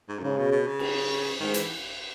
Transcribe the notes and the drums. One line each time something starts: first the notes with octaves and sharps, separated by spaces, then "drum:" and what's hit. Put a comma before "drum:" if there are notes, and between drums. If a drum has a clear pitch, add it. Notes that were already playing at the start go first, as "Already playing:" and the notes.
G#2
F#2
G#2 C#3
B2
B2
C#3
drum: cymbal
G#2 D#3
E3, drum: hi-hat